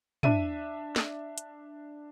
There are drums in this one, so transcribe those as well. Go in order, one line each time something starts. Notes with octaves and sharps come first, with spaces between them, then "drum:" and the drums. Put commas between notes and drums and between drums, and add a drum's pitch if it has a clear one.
D4 E5 D#7, drum: tom
drum: snare
drum: hi-hat